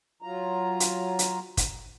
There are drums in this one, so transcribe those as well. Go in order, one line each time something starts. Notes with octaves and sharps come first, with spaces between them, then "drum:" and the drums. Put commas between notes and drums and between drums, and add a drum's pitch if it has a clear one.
F#3 F4 A#5
drum: hi-hat
drum: hi-hat
drum: kick, hi-hat